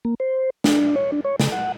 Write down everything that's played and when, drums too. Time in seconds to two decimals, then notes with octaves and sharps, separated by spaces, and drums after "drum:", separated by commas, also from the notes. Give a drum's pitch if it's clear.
0.05 A#3
0.20 C5
0.64 D4, drum: snare
0.96 C#5
1.12 D4
1.25 C#5
1.40 C#3, drum: snare
1.52 F#5